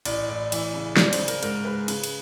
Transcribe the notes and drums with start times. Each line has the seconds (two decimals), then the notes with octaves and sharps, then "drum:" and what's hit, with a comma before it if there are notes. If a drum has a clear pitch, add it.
0.05 A1 D5, drum: cymbal
0.29 A2 D5
0.52 E3, drum: cymbal
0.74 C#3
0.97 C#3 D5, drum: snare
1.13 C5, drum: cymbal
1.19 C#3
1.28 A#4, drum: cymbal
1.43 G#2 A#4, drum: cymbal
1.65 G#3 B4
1.88 C#3, drum: cymbal
2.04 drum: cymbal